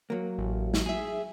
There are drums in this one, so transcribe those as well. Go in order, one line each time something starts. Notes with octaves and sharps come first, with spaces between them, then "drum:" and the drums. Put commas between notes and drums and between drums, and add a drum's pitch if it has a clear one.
F#3 A#3
A1
drum: snare
G#4 E5